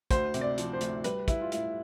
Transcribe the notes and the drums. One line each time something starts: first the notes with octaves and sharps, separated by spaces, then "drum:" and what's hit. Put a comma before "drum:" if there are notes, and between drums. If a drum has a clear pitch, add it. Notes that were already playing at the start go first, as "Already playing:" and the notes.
D2 C5, drum: kick, hi-hat
C3, drum: hi-hat
D5
F3, drum: hi-hat
C5
D2, drum: hi-hat
G3 B4, drum: hi-hat
G3 E4, drum: kick, hi-hat
F4
A2 E4, drum: hi-hat